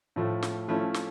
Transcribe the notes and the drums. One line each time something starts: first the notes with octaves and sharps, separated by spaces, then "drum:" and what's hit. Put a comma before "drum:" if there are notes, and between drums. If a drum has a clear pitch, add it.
A2 F3 A3
drum: snare
F3 A3 C#4 E4
drum: snare